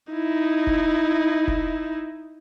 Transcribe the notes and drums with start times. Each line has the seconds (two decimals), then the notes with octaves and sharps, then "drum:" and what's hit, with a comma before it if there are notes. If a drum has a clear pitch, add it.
0.13 D#4 E4
0.67 drum: kick F1
1.48 drum: kick F1